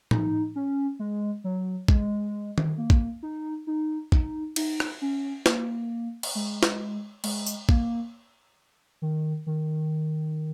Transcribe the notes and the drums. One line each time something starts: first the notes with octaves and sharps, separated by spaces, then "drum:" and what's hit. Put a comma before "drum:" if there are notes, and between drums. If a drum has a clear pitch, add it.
D#4, drum: tom A2
C#4
G#3
F#3
G#3, drum: kick
drum: tom D#3
A#3
drum: kick
D#4
D#4
D#4, drum: kick
D#4, drum: cymbal
drum: rim click
C#4
A#3, drum: snare
drum: cymbal
G#3
drum: snare
G#3, drum: cymbal
drum: tambourine
A#3, drum: kick
D#3
D#3